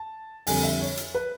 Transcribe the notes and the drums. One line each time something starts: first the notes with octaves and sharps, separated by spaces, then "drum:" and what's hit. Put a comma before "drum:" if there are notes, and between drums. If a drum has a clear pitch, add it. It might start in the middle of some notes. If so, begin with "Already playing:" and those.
Already playing: A5
F2 D3 G3 G#5, drum: open hi-hat
E5
C#5
drum: hi-hat
B4